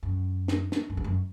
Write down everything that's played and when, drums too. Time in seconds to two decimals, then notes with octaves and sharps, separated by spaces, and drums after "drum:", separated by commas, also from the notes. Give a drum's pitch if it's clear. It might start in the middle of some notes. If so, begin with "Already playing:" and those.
0.03 F#2
0.48 drum: snare
0.72 drum: snare
0.90 F#2
0.97 E2
1.04 F#2